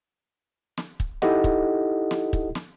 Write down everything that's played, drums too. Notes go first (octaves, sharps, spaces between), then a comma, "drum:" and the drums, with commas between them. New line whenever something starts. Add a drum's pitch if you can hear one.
drum: snare
drum: kick
D#4 E4 G4 A4 D#5 F#5, drum: snare
drum: kick
drum: snare
drum: kick
drum: snare